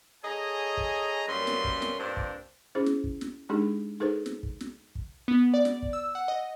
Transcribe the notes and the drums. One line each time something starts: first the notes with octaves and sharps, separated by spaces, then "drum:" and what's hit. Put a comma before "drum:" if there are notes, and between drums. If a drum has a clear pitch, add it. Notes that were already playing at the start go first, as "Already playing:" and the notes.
G#4 A4 C#5 D#5 G#5 A#5
drum: kick
F#2 G3 A#3 C#4 B4 C6
drum: snare
drum: kick
drum: snare
G2 A#2 A#3 C4 D4
drum: kick
C#4 E4 G#4 C5
drum: snare
drum: kick
drum: snare
G#3 D4 D#4 G4 G#4
D#4 G#4 A4 B4 C5
drum: snare
drum: kick
drum: snare
drum: kick
B3
D5
drum: snare
drum: kick
E6
F#5
D#5